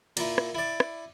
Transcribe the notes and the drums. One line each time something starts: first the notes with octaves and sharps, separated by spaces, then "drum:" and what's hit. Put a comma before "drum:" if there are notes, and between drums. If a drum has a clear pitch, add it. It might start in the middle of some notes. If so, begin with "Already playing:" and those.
A#2 E4, drum: cymbal
drum: rim click
E4 D5
drum: rim click